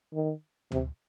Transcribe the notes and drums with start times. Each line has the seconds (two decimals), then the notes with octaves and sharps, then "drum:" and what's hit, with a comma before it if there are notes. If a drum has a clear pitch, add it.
0.14 D#3
0.72 C3, drum: tom D2